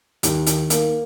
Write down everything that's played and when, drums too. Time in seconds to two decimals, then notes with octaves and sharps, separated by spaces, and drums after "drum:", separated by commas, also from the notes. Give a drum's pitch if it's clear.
0.23 D#2, drum: hi-hat
0.46 D#3, drum: hi-hat
0.70 A#3, drum: hi-hat